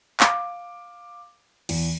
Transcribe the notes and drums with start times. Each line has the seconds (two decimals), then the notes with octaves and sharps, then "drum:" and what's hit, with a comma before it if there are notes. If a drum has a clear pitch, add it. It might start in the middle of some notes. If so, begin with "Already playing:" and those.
0.20 F5 D6, drum: clap
1.69 E2, drum: cymbal